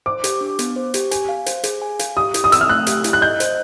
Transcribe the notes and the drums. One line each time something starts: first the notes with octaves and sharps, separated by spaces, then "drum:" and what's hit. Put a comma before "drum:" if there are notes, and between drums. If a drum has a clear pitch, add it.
C5 D6
G4, drum: hi-hat
D4
B3, drum: hi-hat
C5
G4, drum: hi-hat
G#5, drum: hi-hat
F5
C5, drum: hi-hat
G#4, drum: hi-hat
G#5
F5, drum: hi-hat
G4 D#6
E4, drum: hi-hat
D#6
C4 E6, drum: hi-hat
F6
A3 F#6
G4, drum: hi-hat
E4, drum: hi-hat
F#6
D#5 G6
C5, drum: hi-hat